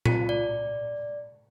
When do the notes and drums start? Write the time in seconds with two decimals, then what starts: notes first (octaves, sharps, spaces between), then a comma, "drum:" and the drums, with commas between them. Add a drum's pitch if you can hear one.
0.05 F4, drum: tom A#2
0.29 D5